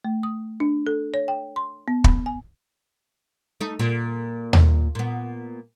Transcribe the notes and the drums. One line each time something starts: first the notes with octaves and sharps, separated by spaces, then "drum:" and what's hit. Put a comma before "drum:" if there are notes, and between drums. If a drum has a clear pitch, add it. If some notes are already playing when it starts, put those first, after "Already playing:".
A3
D#6
D4
A4
C#5
G5
C6
B3
B5, drum: kick
G#5
A3 D#4
A#2
drum: tom D#2
A#2 B3